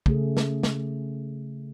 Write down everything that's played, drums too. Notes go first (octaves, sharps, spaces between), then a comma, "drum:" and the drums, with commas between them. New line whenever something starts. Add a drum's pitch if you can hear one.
C#3 A3 G#4, drum: kick
drum: snare
drum: snare